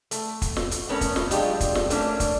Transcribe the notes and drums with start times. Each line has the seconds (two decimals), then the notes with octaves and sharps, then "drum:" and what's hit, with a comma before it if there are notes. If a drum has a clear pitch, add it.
0.11 A3, drum: hi-hat
0.42 drum: kick, hi-hat
0.57 drum: snare
0.71 drum: hi-hat
0.89 A3 B3 C#4 A#4 C#5
1.01 drum: kick, hi-hat
1.16 drum: snare
1.31 F#3 G#3 D4 F4 G4, drum: hi-hat
1.60 drum: kick, hi-hat
1.75 drum: snare
1.90 A3 A#3 C#4 D4, drum: hi-hat
2.20 drum: kick, hi-hat